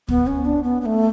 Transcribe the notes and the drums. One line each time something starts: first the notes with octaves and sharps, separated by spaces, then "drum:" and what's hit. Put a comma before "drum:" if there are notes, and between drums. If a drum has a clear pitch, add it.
B3, drum: kick
C#4
D4
B3
B3
A3